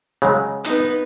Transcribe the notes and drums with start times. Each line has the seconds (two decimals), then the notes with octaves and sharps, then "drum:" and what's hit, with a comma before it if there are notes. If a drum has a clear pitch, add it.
0.22 C#3 F#3 G#3
0.64 B3 D#4, drum: hi-hat